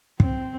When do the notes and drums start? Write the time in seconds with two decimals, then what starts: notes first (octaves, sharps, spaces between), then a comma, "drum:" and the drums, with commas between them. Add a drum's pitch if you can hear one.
0.20 C4, drum: kick